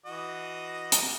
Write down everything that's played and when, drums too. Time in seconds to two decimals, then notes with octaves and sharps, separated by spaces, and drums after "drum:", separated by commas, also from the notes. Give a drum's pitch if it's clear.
0.06 E3 F#4 D#5
0.92 drum: hi-hat